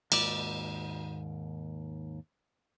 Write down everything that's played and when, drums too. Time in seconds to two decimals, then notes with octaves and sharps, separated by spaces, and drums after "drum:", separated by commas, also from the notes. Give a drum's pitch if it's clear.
0.12 D#2 G#2 D5, drum: cymbal